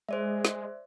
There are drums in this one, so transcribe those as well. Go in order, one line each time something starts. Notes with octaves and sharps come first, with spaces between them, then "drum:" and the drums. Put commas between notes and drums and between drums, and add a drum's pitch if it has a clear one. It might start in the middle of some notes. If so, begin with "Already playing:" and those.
G#3 C5 D5 E5
drum: snare